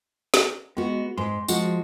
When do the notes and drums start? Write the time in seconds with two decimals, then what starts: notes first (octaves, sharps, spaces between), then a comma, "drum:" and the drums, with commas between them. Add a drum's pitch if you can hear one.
0.34 drum: snare
0.77 G#3 B3 F#4
1.18 G#2 C6
1.48 F3 G#3 F#4, drum: tambourine